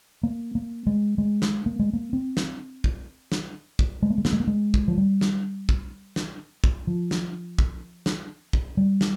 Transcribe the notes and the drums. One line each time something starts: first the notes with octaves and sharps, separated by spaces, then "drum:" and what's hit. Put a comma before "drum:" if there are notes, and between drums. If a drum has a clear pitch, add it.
A#3
A#3
G#3
G#3
drum: snare
A#3
G#3
A#3
C4
drum: snare
drum: kick
drum: snare
drum: kick
G#3
A#3
G#3
A#3, drum: snare
G#3
A#3
G#3
drum: kick
F3
G3
drum: snare
drum: kick
drum: snare
drum: kick
F3
drum: snare
drum: kick
drum: snare
drum: kick
G3
drum: snare